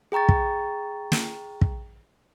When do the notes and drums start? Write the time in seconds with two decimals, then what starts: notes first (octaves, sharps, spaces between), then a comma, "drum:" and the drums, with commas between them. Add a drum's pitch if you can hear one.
0.12 G#4 G5 A#5 C#6 A6
0.29 drum: kick
1.12 drum: snare
1.61 drum: kick